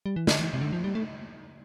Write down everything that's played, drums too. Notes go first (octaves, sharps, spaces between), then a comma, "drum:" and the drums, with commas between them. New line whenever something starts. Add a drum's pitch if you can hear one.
G3
E3
D3, drum: snare
E3
C3
D3
F3
G3
A3